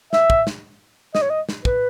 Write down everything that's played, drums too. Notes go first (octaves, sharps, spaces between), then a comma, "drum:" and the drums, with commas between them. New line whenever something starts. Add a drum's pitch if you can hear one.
E5, drum: snare
drum: kick
drum: snare
D#5, drum: snare
C#5
D#5
drum: snare
B4, drum: kick